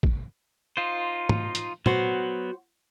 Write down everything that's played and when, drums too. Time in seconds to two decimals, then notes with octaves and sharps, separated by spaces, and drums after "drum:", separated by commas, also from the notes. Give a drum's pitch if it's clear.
0.03 drum: kick
0.77 D#4 F4 C5
1.29 drum: tom
1.55 drum: hi-hat
1.86 F#3 B3 F#4 C5, drum: tom